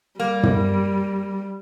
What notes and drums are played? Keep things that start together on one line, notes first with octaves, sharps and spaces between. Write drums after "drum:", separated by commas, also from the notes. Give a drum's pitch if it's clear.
G3 A#3
drum: tom